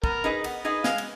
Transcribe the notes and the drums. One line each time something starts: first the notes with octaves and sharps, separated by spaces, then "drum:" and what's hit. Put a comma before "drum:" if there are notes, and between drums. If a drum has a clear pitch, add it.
B3 A#4, drum: kick
D#4 G#4 B4 D#5
B3, drum: cymbal
D#4 G#4 B4 D#5
G#3 F5, drum: snare
drum: cymbal